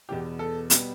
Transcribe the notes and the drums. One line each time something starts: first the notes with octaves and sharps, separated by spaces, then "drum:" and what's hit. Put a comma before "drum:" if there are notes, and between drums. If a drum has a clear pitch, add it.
E2 B2 B3 G4
A4
B2 G3 B3, drum: hi-hat